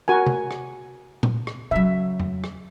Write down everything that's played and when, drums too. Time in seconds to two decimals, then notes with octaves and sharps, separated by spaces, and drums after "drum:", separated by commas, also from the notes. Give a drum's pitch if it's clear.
0.08 F#4 A#4 G#5
0.26 drum: tom C3
0.51 drum: rim click
1.23 drum: tom A#2
1.47 drum: rim click
1.71 C#3 F#3 E5
2.20 drum: tom F2
2.44 drum: rim click